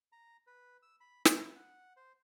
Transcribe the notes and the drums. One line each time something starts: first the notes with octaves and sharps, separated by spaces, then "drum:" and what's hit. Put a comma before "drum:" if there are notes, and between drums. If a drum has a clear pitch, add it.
A#5
B4
E6
B5
E4, drum: snare
F#5
C5